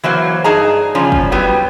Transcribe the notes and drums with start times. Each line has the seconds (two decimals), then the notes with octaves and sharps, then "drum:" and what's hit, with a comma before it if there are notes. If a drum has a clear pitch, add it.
0.03 E3 F#3 A#3 C5
0.44 G2 D#4 G#4 A5 A#5
0.95 C#3 F3 G3 C#4
1.12 drum: kick
1.32 F#3 G3 B3